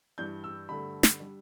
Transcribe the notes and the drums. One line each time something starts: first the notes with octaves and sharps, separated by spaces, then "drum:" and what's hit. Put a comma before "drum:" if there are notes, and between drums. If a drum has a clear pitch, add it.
G2 E3 G3 D4 G6
E6
G2 D3 A3 B5
drum: snare
G3 D4